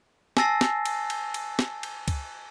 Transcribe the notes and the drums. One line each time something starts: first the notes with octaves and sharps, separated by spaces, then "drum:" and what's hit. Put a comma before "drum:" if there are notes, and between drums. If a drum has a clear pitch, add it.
G#5 A5 E6 A6 A#6 C7, drum: snare
drum: snare
drum: cymbal
drum: cymbal
drum: cymbal
drum: snare
drum: cymbal
drum: kick C#2, cymbal